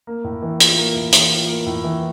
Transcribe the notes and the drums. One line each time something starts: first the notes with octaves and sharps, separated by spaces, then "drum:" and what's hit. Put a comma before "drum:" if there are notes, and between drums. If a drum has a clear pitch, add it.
A#3
A2
E3
F4, drum: hi-hat
A#3
A2
E3, drum: hi-hat
F4
A#3
A2
E3